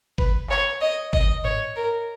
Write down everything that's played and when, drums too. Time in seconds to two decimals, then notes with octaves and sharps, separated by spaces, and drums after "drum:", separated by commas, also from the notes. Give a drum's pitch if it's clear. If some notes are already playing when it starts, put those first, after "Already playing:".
0.18 B4, drum: kick G1
0.50 C#5, drum: clap
0.81 D#5
1.13 D#5, drum: kick G1
1.44 C#5, drum: tom G2
1.76 A#4